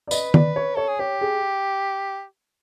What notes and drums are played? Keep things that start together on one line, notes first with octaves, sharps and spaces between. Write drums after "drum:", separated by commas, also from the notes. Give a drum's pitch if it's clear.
D5
B4 D#5, drum: tambourine
D5, drum: tom
C#5
A4 C#5
G#4
G4 C#5
G#4